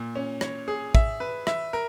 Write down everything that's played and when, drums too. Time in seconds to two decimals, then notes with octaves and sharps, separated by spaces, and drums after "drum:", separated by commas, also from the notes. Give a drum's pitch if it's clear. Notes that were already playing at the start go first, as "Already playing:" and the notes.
Already playing: A#2
0.15 C#4
0.41 C#5, drum: rim click
0.68 G#4
0.95 E5, drum: kick
1.20 B4
1.47 E5, drum: rim click
1.73 A#4